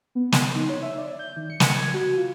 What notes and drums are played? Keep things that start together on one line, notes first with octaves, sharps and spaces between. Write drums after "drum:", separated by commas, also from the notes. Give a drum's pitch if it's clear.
B3
C6, drum: snare
D#4
C#5
E5
D5
G6
D#3
C#7
drum: snare
G#6
F#4
F4